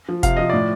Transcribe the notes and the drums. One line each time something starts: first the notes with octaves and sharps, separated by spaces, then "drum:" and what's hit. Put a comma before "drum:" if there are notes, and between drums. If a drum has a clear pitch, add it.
F3
C3 F5, drum: kick F1, hi-hat
F3 D#5
A2 D5